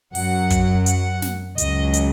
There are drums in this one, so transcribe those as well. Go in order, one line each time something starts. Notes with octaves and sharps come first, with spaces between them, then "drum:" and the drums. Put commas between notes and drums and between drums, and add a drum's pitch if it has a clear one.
F#2 F#3 F#5, drum: open hi-hat
drum: kick, hi-hat
F#5, drum: hi-hat
drum: snare
C#2 C#3 F#3 D#5, drum: hi-hat
drum: hi-hat